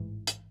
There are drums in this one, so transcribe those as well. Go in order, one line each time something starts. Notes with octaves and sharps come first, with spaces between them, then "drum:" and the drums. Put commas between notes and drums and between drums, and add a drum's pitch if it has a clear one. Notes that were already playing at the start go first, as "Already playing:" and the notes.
Already playing: A1 G#2 E3
drum: hi-hat